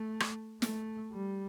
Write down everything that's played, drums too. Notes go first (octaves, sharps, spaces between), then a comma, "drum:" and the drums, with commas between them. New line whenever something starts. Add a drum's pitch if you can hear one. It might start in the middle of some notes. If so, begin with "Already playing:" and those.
Already playing: A3
drum: rim click
A3, drum: snare
G3